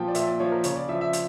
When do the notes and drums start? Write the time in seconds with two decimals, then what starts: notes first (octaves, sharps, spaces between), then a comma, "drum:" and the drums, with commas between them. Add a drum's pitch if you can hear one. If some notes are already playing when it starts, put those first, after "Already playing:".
Already playing: A#2 F3 G5 A5
0.08 D5
0.15 A#2 E5, drum: hi-hat
0.27 D5
0.40 F3 C#5
0.52 A#4
0.64 C#3 C#5, drum: hi-hat
0.77 D5
0.89 F3 E5
1.01 E5
1.13 drum: hi-hat